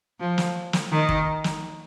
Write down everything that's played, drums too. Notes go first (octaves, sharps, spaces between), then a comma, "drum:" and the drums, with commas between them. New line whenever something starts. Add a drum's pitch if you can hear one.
F3
drum: snare
drum: snare
D#3
drum: kick
drum: snare